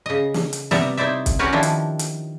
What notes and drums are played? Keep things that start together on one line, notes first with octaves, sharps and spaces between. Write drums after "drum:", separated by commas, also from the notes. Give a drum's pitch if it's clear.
C#3 D#5
drum: snare
drum: hi-hat
C3 G3 B3 D5 E5 A#5, drum: snare
D#4 E4 C5 D5 E5
drum: kick, hi-hat
C#4 F#4 G4 A#4 B4 C#5
D#3 F3 D4 E4
drum: hi-hat
drum: hi-hat